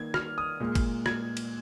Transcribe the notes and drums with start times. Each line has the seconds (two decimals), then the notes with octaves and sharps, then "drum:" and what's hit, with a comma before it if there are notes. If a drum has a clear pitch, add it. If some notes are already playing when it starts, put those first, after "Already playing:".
Already playing: D#3 A#3 G#6
0.14 F6, drum: rim click
0.38 D#6
0.60 A#2 G#3
0.75 drum: kick, cymbal
1.06 G#6, drum: rim click
1.37 drum: cymbal